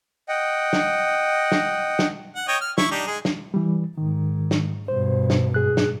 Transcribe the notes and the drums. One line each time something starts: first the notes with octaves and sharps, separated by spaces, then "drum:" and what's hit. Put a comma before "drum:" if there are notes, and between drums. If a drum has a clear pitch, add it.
D#5 F#5 G5
drum: snare
drum: snare
drum: snare
F#5
C#5 D#5 G5
F6
E4 C#6, drum: snare
D4 D#4 G4
G#3 G#4
drum: snare
E3 G3
G#2 D#3
drum: snare
G2 B2 C5
drum: snare
G#2 G#4 F#6
drum: snare